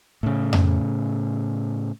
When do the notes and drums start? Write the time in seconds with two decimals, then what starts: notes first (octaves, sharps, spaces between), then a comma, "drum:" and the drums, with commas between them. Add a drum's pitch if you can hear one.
0.23 A2 C#3
0.53 drum: tom F2